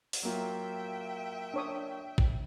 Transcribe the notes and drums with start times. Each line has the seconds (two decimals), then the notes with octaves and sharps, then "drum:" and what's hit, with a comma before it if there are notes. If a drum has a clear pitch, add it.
0.13 drum: open hi-hat
0.23 F#3 A#3 F4 E5 G5
1.54 D4 C#5 D#6
2.18 drum: kick G#1